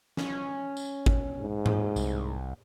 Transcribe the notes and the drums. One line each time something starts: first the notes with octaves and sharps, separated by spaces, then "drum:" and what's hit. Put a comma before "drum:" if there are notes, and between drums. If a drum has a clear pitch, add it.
C#4, drum: snare
drum: tambourine
drum: kick G#1
G#2
drum: tom G#2
C2, drum: tambourine